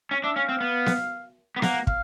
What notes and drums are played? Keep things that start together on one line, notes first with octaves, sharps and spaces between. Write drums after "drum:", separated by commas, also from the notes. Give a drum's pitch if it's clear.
C#4
D4 E5
C#4 F5
C4
B3
drum: snare B3
B3
A#3 F#5, drum: snare B3
F5, drum: kick